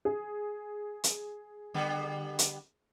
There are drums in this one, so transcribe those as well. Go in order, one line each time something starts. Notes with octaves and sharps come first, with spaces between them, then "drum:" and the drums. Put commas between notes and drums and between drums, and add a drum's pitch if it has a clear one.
G#4
drum: hi-hat
D3 G3 B3
drum: hi-hat